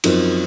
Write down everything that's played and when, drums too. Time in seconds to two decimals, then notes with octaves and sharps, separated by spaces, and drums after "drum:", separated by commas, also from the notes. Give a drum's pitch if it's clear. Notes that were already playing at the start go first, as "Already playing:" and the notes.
0.04 F#2 F3 C4 D#4 A#4, drum: cymbal